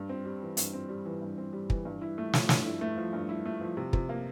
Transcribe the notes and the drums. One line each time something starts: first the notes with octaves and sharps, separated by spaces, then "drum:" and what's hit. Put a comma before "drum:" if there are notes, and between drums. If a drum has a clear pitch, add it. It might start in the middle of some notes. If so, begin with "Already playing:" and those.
Already playing: G2
C4
G3
E3
G2, drum: hi-hat
C4
G3
E3
G2
C4
G3
E3, drum: kick
G2
E4
A3
F3, drum: snare
G2, drum: snare
E4
A3
F3
G2
E4
A3
F3
C3
C3, drum: kick
A#3